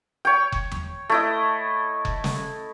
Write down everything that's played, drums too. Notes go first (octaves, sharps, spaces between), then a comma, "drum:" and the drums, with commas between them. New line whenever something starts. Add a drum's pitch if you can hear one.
C#5 G5
drum: kick F1
drum: tom E2
A3 E4 D#5
drum: kick F1
drum: snare